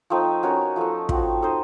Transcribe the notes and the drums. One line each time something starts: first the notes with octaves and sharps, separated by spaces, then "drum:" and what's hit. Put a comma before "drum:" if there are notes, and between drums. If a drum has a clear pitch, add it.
F3 A3 C4 D#4
C#4 F#4 A#4 C#5
F3 A3 D#4 A4
F3 C4 F#4, drum: kick
D#4 A4 C5 D#5